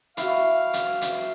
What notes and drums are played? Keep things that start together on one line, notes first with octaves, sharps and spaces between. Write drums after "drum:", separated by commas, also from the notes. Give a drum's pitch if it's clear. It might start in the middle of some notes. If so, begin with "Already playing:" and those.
E4 F#4 F5, drum: hi-hat
drum: hi-hat
drum: hi-hat